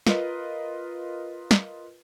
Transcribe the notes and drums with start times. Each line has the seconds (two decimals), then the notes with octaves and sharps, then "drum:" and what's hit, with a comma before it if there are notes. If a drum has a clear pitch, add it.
0.07 F4 A#4 B4 D#5, drum: snare
1.51 drum: snare